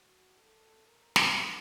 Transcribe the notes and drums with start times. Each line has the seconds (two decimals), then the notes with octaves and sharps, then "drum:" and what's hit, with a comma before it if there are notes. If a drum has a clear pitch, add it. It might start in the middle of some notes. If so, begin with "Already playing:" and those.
Already playing: F#4
0.37 A4
0.86 A#4
1.16 drum: snare